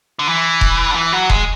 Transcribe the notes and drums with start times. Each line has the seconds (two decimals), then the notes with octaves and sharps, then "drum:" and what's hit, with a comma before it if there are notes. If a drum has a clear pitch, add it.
0.19 D3
0.28 E3
0.61 drum: kick E1
0.91 D3
0.95 E3
1.12 F#3
1.30 G#3, drum: kick E1